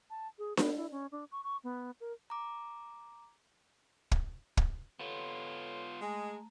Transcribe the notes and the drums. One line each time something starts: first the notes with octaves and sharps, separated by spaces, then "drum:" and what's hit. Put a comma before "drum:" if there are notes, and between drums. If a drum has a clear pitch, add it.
A5
G#4
B3, drum: snare D4
E4
C#4
D4
C#6
C#6
B3
A#4
A#5 D6
drum: kick
drum: kick
B3 F4 A4 C#5 C6
G#3 A3 A#5